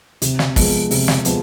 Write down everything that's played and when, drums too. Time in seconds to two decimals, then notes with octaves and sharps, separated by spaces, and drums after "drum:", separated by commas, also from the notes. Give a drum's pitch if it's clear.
0.22 C3, drum: hi-hat
0.39 drum: snare
0.56 F3 G#3 B3, drum: kick, open hi-hat
0.91 C3, drum: open hi-hat
1.08 drum: snare
1.25 F3 G#3 B3, drum: hi-hat